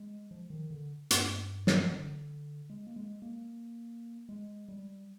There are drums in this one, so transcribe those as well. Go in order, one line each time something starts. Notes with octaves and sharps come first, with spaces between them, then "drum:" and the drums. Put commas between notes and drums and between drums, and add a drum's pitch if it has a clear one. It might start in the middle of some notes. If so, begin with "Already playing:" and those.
Already playing: G#3
F3
D#3
D3
G2, drum: hi-hat
drum: snare
D3
G#3
A#3
G#3
A#3
G#3
G3